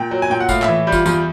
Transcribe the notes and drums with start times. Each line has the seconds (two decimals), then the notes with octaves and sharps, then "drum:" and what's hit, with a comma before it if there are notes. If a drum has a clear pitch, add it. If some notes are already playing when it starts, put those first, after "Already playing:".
Already playing: A#2 G5
0.11 F#3
0.22 G#5
0.30 A#2 G5
0.40 F#5
0.49 A2 F5, drum: kick F#1, tambourine
0.63 E5, drum: clap
0.68 E3
0.87 G3
0.92 F4, drum: kick F#1, tambourine
1.06 E2 F4, drum: tambourine